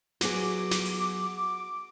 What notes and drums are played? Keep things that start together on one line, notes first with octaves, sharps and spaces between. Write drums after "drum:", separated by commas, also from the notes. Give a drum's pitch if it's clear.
F#3 B3 G#4 D6, drum: snare
drum: snare
drum: hi-hat